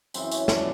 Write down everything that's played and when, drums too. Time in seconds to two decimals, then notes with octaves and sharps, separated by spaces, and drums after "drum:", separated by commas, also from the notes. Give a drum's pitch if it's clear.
0.14 F#2 C#3 E3 C4, drum: tambourine
0.31 C#4, drum: tambourine
0.48 D4, drum: snare